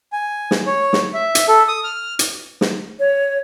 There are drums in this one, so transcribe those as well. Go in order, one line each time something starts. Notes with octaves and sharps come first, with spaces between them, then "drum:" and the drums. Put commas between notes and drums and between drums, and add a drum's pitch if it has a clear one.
G#5
drum: snare
C#5
drum: snare
E5
drum: hi-hat
A4
D#6
F6
drum: hi-hat
drum: snare
C#5